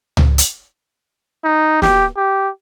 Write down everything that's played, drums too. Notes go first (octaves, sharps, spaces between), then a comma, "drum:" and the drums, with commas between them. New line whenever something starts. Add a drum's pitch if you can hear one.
drum: tom C#2
drum: hi-hat
D#4
G4, drum: snare
G4